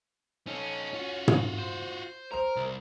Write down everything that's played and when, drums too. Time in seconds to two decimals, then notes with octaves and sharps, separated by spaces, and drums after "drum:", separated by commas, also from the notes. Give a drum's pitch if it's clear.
0.47 C#4 D#4 A4
0.94 F4 F#4
1.28 drum: tom
1.58 C5
2.32 A#4 C5 F7
2.56 C2